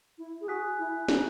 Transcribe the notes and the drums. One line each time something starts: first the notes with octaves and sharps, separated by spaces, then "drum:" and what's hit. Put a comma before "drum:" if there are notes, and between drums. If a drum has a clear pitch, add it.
E4
G#4
F#4 G#5 D#6 F#6 B6
E4
E4, drum: snare